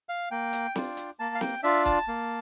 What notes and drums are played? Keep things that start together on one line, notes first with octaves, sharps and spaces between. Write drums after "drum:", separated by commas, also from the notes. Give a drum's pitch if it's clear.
F5
A#3 G5
drum: hi-hat
D4 F4, drum: snare
drum: hi-hat
A#3 A5
F5
G5, drum: snare
D4 F4 E5
A5, drum: kick C#1, hi-hat
A#3